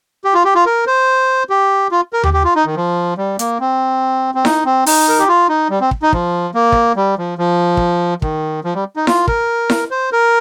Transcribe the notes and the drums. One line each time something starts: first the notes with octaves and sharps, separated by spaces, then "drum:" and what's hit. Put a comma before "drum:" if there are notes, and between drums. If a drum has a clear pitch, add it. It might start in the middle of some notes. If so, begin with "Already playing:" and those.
G4
F4
G4
F4
A#4
C5
G4
F4
A#4
G4, drum: tom D#2
G4
F4
D#4
D#3
F3
G3
A#3, drum: hi-hat
C4
C4
D#4, drum: snare E4
C4
D#4, drum: open hi-hat
A#4
G4
F4
D#4
G3
C4
drum: kick
D#4
F3, drum: kick
A#3
drum: kick
G3
F3
F3
drum: kick
D#3, drum: kick
F3
G3
D#4
F4, drum: snare E4
A#4, drum: kick
drum: snare E4
C5
A#4